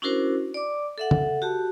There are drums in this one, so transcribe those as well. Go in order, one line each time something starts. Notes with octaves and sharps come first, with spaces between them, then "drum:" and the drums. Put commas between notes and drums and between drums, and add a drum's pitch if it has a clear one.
C#4 D4 E4 F#4 A#4 C5
D5 D6
A4 E5 F#5
drum: tom C#3
F#4 G4 A5